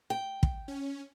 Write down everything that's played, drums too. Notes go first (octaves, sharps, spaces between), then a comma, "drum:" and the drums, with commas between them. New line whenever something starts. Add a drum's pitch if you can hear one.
G5
drum: kick
C#4